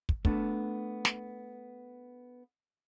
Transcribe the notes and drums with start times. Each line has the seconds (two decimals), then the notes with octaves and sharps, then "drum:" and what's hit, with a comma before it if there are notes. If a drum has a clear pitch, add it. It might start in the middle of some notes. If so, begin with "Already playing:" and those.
0.09 drum: kick
0.25 A3 B3 D4, drum: kick
1.05 drum: snare